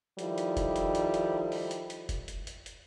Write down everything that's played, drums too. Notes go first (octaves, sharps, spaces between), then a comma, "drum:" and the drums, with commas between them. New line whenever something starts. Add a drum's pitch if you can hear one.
D#3 F3 G3 D#4 E4 A4, drum: hi-hat
drum: hi-hat
drum: kick, hi-hat
drum: hi-hat
drum: hi-hat
drum: hi-hat
drum: open hi-hat
drum: hi-hat
drum: hi-hat
drum: kick, hi-hat
drum: hi-hat
drum: hi-hat
drum: hi-hat